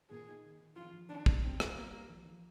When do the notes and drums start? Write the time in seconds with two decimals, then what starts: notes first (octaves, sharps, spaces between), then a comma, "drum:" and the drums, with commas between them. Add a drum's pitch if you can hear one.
0.11 A#2 G#4
0.28 D#4
0.44 D#3
0.60 D#3
0.77 F3 F4
0.93 F3
1.09 D#3 D4
1.26 D#4, drum: kick
1.43 D3 C4
1.60 G4, drum: rim click
1.75 G3 A#3
1.92 G4
2.09 F3
2.26 F3